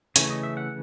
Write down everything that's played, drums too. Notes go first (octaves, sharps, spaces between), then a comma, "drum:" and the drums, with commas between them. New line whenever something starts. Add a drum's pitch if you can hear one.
C#3 E3 A3 C#4 C#5, drum: hi-hat
D#5
E5
F#5